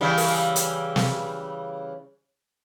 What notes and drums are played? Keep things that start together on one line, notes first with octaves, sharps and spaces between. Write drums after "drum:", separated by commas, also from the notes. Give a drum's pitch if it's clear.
C#3 E3 G3
drum: open hi-hat
drum: hi-hat
drum: snare